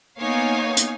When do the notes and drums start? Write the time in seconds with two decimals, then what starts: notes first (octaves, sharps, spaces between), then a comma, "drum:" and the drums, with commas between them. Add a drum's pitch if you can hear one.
0.20 A#3 B3 D#4 C#5 F5 G#5
0.77 drum: hi-hat